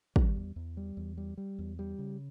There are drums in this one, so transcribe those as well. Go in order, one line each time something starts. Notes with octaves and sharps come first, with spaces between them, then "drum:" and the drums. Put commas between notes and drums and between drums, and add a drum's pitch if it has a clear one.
G3, drum: kick
E2
E2
G3
E2
G3
G3
E2
G3
C#3